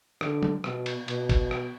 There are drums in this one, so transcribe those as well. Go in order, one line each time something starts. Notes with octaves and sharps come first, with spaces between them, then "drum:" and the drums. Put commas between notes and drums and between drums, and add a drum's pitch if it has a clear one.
D3, drum: rim click
drum: tom F#3
B2, drum: rim click
drum: cymbal
B2, drum: cymbal
drum: kick, cymbal
drum: rim click